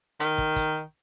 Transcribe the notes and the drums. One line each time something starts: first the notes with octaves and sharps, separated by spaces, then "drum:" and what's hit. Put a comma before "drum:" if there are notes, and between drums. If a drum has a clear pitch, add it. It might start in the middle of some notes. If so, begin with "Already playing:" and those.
D#3, drum: rim click
drum: kick
drum: kick, hi-hat